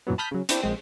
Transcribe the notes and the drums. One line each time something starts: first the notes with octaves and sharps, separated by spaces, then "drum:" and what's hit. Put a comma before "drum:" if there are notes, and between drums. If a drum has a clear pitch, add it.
F#2 A#2 E3 F#3 B3
A5 B5 D#6 F6 G6 B6
C#3 F#3
C4 D4 E4 C5, drum: hi-hat
A#1 G#3 C4